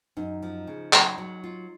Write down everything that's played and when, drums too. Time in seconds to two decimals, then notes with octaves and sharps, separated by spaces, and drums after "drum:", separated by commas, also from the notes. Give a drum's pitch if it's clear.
0.17 F#2 D#4
0.42 F3
0.67 C#3
0.93 F#3, drum: clap
1.18 F#3
1.44 F4